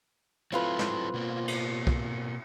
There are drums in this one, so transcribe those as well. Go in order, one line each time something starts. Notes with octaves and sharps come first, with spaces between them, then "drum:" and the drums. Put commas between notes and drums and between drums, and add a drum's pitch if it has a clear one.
F#3 C4 E4 F4 A4 B4
drum: snare
B2 A#3
drum: cymbal
drum: kick